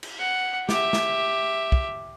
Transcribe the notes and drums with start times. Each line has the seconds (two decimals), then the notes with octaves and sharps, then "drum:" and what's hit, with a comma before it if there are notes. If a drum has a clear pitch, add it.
0.03 drum: cymbal
0.19 F#5
0.69 G4 E5, drum: snare
0.93 drum: snare
1.72 drum: kick